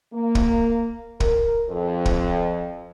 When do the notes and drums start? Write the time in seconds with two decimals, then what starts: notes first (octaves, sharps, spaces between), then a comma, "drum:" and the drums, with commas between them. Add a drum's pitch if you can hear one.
0.13 A#3
0.35 drum: kick
1.20 A#4, drum: kick
1.69 F2
2.06 drum: kick